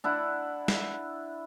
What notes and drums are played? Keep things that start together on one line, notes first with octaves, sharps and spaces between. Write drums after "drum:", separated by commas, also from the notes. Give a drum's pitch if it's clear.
D4 E4 F#5
drum: snare